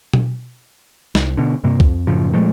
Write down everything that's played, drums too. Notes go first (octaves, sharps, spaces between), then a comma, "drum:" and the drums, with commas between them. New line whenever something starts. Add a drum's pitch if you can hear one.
drum: tom B2
C2, drum: snare
B2 D3
G2 C3 A#3
F2, drum: kick C2
F#2 A2 C#3 F3
A#2 F3 G#3 A3